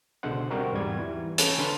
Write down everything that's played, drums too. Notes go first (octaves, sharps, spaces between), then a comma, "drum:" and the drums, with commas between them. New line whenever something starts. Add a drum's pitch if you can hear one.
C#2 B2 D3 G#3 C5 F#5
G3 C4 F#4 A#4
E2 G#2 G3 G#6
E3
C#4 G#4 A4 B4 G#5, drum: hi-hat
D3 A4 B4 A#5 C6 F6